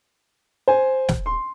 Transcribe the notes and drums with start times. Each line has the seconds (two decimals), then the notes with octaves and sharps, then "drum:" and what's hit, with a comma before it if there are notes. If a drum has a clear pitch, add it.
0.68 C5 G#5
1.09 drum: snare
1.26 C6